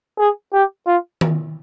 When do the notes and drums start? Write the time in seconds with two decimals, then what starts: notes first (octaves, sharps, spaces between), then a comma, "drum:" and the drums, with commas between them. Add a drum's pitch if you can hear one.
0.18 G#4
0.53 G4
0.86 F4
1.21 drum: tom D#3